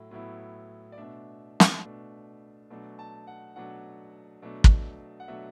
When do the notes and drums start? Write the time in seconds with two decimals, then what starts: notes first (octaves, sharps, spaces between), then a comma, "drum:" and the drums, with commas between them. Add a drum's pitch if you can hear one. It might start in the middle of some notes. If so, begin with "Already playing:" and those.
Already playing: A2 F#3 E4
0.11 A2 F#3 B3 E4
0.92 D5
0.98 B2 A3 D4 E5
1.60 drum: snare
1.84 B2 A3 D4
2.70 B2 F#3 A3 D4
2.99 A5
3.27 F#5
3.56 B2 F#3 A3 D4 F#5
4.42 B2 F#3 A3 D4
4.64 drum: kick
5.20 F#5
5.28 B2 F#3 A3 D4 E5